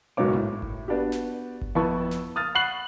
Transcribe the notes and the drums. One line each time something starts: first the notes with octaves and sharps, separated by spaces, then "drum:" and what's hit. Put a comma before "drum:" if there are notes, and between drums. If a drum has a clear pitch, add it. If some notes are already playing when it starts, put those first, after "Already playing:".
F#1 B1 G#2 B2 C#5 D6
A2
drum: kick G1
B3 D4 F#4 G4
drum: snare
drum: kick G1
F2 B3 E4 A5 C#6
drum: snare
D#6 F6 A6
F#5 B5 C#6 F#6 C7 F#7